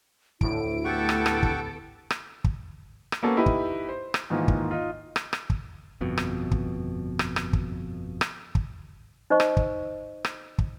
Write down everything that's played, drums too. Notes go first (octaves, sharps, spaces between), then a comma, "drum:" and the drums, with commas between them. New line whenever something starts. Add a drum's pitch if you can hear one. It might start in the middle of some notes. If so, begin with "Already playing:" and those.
D2 A2 E4 D7, drum: kick
B3 G4 A4 F#5 C#6
drum: rim click
drum: rim click
drum: kick
drum: rim click
drum: kick
drum: rim click
A#3 B3 C#4 F#4 A4 B4
D#4 E4 G4 B4
drum: kick
C5
drum: rim click
G#2 D#3 E3 A#3 F4
drum: kick
D#4 F4
drum: rim click
drum: rim click
drum: kick
G1 F2 B2
drum: rim click
drum: kick
drum: rim click
drum: rim click
drum: kick
drum: rim click
drum: kick
D#4 C5 D#5 C#6
drum: rim click
drum: kick
drum: rim click
drum: kick